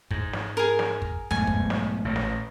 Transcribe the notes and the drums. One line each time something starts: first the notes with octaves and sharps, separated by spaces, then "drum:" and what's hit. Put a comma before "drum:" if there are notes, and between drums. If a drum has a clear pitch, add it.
G#2, drum: kick
drum: snare
G#4 A#4
drum: snare
drum: kick
B1 G#2 A3 G#5
drum: kick
drum: snare
A1 A#2
drum: snare